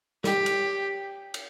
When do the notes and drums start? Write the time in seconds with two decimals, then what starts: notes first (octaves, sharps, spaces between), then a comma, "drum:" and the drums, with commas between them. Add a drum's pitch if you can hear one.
0.24 G4, drum: snare
0.46 drum: cymbal
1.34 drum: cymbal